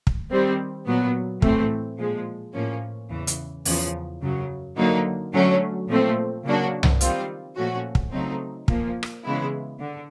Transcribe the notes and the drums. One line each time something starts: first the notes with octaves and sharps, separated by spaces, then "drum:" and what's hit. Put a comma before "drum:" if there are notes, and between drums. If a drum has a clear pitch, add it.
drum: kick
D#3 G3 C4
A#2 F#3 B3
A2 E3 A3 C4, drum: kick
A#2 F3 G#3
A2 F3 A#3 C#4
E2 C#3 E3
drum: hi-hat
E2 C#3 F3, drum: open hi-hat
F#2 C#3 F#3
D3 F#3 A#3 D#4
D3 F#3 A3 C#4
A#2 F3 A3 C4
C#3 F#3 A#3 D4 F#4
drum: tom C2
D#3 G3 C4 F4, drum: hi-hat
A#2 F3 A3 C#4 F#4
drum: kick
C#3 F#3 A3 C4 D#4
A#2 F3 A#3, drum: kick
drum: rim click
C#3 E3 G#3 B3 E4
D3